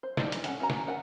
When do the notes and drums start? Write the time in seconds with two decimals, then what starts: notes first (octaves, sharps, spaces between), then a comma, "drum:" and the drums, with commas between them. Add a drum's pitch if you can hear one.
0.03 C5
0.17 F3 G3 D4 D#4, drum: snare
0.32 E3 F#3, drum: hi-hat
0.44 C#4 A4 F#5 G#5, drum: hi-hat
0.60 C#4 F#4 G#5 A#5
0.70 drum: snare
0.87 A#4 F#5 G#5